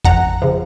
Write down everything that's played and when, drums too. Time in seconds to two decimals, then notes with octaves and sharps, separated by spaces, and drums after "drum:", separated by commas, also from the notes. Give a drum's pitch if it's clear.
0.05 F2 F#5 A#5, drum: kick G#1
0.42 C#3 F3